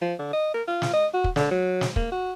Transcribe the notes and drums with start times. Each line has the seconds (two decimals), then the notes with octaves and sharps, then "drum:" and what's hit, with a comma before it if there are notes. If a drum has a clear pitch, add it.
0.01 F3
0.19 D3
0.33 D#5
0.54 A#4
0.67 F4
0.82 drum: snare
0.93 D#5
1.14 F#4
1.24 drum: kick
1.36 D3, drum: snare
1.51 F#3
1.81 drum: snare
1.96 A#3, drum: kick
2.11 F#4